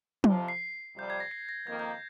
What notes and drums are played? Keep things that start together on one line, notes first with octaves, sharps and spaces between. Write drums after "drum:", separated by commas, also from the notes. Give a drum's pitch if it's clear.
F2 C3 F3, drum: tom
C7
F2 C3 G3 G6
G#6
A#6
C7
A#6
F2 D#3 A#3 G#6
G6
G6